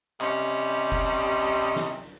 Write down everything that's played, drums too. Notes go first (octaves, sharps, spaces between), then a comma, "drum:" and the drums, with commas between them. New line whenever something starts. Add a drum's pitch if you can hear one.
C3 G3 C#4 D#5, drum: clap
drum: kick F1
drum: snare